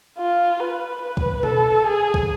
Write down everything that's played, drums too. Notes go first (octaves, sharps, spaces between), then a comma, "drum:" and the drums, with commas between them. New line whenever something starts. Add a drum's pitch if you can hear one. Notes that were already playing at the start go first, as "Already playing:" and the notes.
F4
B4
B4
drum: kick
A4, drum: tom B2
G#4
drum: kick